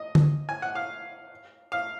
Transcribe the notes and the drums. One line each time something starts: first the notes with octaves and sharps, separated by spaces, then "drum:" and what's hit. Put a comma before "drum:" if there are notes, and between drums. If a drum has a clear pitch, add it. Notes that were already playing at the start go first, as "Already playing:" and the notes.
Already playing: D#5
drum: tom D3
G#5
F#5
F5
F5